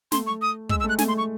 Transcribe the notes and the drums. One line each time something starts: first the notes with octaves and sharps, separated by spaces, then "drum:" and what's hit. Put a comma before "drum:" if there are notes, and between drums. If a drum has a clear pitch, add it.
A3 C6, drum: snare
C#6
D#6
G#3 E6, drum: kick
E6
A3
F#6
A3 G#5, drum: snare
C6
C#6